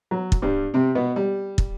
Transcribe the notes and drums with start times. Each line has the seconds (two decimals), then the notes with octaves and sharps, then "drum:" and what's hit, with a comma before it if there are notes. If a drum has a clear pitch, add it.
0.11 F#3
0.32 drum: kick
0.42 G2 G3
0.74 C3 C4
0.95 B2 B3
1.16 G3
1.58 drum: kick